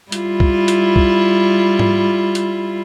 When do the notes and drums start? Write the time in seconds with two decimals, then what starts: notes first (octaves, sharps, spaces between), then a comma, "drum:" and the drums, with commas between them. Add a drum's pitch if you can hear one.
0.12 G3 E4 F4, drum: hi-hat
0.40 drum: kick
0.68 drum: hi-hat
0.96 drum: kick
1.79 drum: tom G#2
2.35 drum: hi-hat